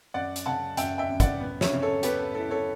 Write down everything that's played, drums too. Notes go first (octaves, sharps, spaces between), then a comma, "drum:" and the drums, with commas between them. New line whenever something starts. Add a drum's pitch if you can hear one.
F#2 D5 F#5
drum: hi-hat
C#3 F#5 A5
F#2 E5 G5, drum: hi-hat
E5 G5
F#2
D5 F#5, drum: kick, hi-hat
B3
C#5 E5, drum: snare
C#3
A4 C#5
B3 G4 B4, drum: hi-hat
A4
E4 A4
A4 C#5